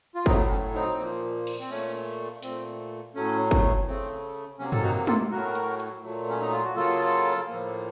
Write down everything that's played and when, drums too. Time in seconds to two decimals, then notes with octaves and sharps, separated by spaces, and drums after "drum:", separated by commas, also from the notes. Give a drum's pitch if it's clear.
0.15 F4
0.26 A2 F#3 A3 C4 D#4, drum: kick
0.50 C#4
0.74 C4 D#4
0.98 A#2 F3 A#3
1.47 drum: cymbal
1.60 C4
1.70 A#2 A3 C#4
2.42 A#2 A3 C4, drum: open hi-hat
3.15 A2 F#3 A3 C#4
3.51 drum: kick
3.87 C#3 A3 C4
4.59 C3 F#3 A#3 C#4
4.72 A4, drum: tom G2
4.83 D#4 F#4
5.07 F4 A4, drum: tom G#3
5.31 A2 F#3 A3 F#4 A#4
5.55 drum: hi-hat
5.80 drum: hi-hat
6.03 A#2 F#3 A3
6.29 C#4
6.41 D#4
6.52 F4
6.64 F#4
6.76 C#3 F#3 A#3 F4 A4
7.48 A2 F3 A#3